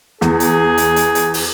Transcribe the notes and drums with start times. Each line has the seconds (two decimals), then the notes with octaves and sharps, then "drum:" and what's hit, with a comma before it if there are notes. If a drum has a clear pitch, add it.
0.21 E2 G#4, drum: snare
0.40 drum: hi-hat
0.78 drum: hi-hat
0.96 drum: hi-hat
1.15 drum: hi-hat
1.34 drum: open hi-hat